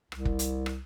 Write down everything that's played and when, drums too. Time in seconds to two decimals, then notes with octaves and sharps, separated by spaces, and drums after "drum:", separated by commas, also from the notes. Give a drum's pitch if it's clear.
0.12 C2, drum: rim click
0.25 drum: kick
0.39 drum: hi-hat
0.66 drum: rim click